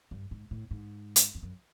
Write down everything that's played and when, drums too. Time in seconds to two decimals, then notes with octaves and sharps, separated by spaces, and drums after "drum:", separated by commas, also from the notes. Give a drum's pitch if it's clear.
0.11 G2
0.31 G#2
0.51 A2
0.71 G#2
1.16 drum: hi-hat
1.35 F2
1.43 F#2